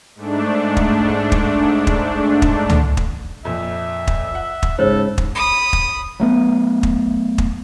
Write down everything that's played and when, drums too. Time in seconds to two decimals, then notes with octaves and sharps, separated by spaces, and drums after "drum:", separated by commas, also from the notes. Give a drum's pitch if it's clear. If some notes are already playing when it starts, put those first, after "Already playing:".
0.15 G#2 A3 D4
0.77 drum: kick
1.32 drum: kick
1.87 drum: kick
2.42 drum: kick
2.70 drum: tom C#2
2.97 drum: kick
3.45 F2 A#2 E5
4.07 drum: kick
4.35 F#5
4.63 drum: kick
4.79 G#2 C#3 A4 C5 C#5
5.18 drum: kick
5.35 B5 D#6
5.73 drum: kick
6.20 F#3 A3 B3
6.83 drum: kick
7.38 drum: kick